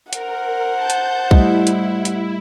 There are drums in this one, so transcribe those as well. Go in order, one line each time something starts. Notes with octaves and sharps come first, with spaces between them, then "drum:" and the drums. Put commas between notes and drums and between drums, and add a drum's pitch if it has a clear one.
A#4 C5 F#5, drum: hi-hat
A5 G6
drum: hi-hat
G3 A3 E4 D#5, drum: kick
drum: hi-hat
drum: hi-hat